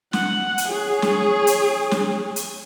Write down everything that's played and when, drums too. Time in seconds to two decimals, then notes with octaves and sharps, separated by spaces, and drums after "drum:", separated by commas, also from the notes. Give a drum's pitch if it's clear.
0.13 F#5, drum: snare
0.58 drum: hi-hat
0.68 G#4 C#5
1.02 drum: snare
1.47 drum: hi-hat
1.91 drum: snare
2.36 drum: hi-hat